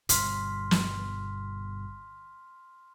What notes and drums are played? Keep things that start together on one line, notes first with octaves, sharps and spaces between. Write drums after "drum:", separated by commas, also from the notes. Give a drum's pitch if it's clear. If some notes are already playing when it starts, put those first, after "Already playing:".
G1 B2 C6 F6 B6, drum: hi-hat
drum: snare